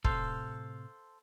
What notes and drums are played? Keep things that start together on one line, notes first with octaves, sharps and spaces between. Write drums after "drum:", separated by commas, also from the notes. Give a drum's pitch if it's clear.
A2 C3 A4 C5 F5, drum: kick